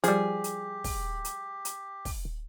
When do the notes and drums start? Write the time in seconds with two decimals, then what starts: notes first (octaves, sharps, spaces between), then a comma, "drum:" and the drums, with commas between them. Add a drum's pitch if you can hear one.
0.04 F3 G3 G4 G#4, drum: hi-hat
0.44 drum: hi-hat
0.84 drum: kick, open hi-hat
1.25 drum: hi-hat
1.65 drum: hi-hat
2.05 drum: kick, open hi-hat